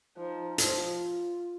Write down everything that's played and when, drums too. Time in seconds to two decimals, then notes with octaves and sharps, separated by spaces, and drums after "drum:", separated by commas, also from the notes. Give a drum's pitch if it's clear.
0.17 F3 D#4
0.58 F3 F4, drum: hi-hat